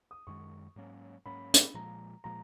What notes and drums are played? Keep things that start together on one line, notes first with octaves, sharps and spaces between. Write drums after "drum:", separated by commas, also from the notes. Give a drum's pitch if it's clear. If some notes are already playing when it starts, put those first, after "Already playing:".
D#6
F#2 D#3 G#3 C#6
G#2 F#3 A#3 C#4
G#2 F#3 A#3 C#4 B5
drum: hi-hat
A#2 F3 G#3 A#5
A#2 F3 G#3 A#5